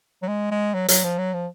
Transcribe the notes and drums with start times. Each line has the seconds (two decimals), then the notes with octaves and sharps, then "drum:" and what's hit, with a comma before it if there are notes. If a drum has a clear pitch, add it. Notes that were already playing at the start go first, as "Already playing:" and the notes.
0.23 F#3
0.28 G#3
0.51 G#3
0.74 F#3
0.88 F#3, drum: hi-hat
1.04 F3
1.19 F#3
1.34 F3